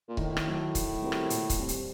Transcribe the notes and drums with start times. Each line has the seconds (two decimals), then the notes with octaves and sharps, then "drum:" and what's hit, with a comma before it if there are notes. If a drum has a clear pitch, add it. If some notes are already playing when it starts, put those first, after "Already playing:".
0.08 A#2
0.17 A2 D#3, drum: kick C#1
0.37 drum: rim click
0.47 F#3 A3
0.75 D#3, drum: kick C#1, hi-hat
1.02 G3 C4 F#4 A#4
1.12 drum: rim click
1.30 A#2, drum: hi-hat
1.50 drum: kick C#1, hi-hat
1.59 G3 C4
1.68 drum: hi-hat